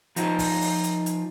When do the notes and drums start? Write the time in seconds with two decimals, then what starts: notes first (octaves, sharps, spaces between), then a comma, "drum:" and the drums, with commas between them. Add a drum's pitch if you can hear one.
0.16 F3 D#4 F4, drum: hi-hat
0.39 drum: kick, open hi-hat
0.61 drum: open hi-hat
0.84 drum: hi-hat
1.06 drum: hi-hat